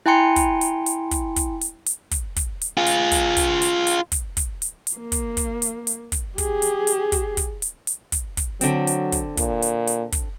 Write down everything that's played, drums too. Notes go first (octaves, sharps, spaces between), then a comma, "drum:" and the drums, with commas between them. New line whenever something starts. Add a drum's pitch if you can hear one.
E4 G5 G#5 A#5 C6 C#7
drum: kick, hi-hat
drum: hi-hat
drum: hi-hat
drum: kick, hi-hat
drum: kick, hi-hat
drum: hi-hat
drum: hi-hat
drum: kick, hi-hat
drum: kick, hi-hat
drum: hi-hat
F4 G#4
drum: hi-hat
drum: kick, hi-hat
drum: kick, hi-hat
drum: hi-hat
drum: hi-hat
drum: kick, hi-hat
drum: kick, hi-hat
drum: hi-hat
drum: hi-hat
A#3
drum: kick, hi-hat
drum: kick, hi-hat
drum: hi-hat
drum: hi-hat
drum: kick, hi-hat
G4 G#4, drum: kick, hi-hat
drum: hi-hat
drum: hi-hat
drum: kick, hi-hat
drum: kick, hi-hat
drum: hi-hat
drum: hi-hat
drum: kick, hi-hat
drum: kick, hi-hat
D3 F#3 C4, drum: hi-hat
drum: hi-hat
drum: kick, hi-hat
A#2, drum: kick, hi-hat
drum: hi-hat
drum: hi-hat
drum: kick, hi-hat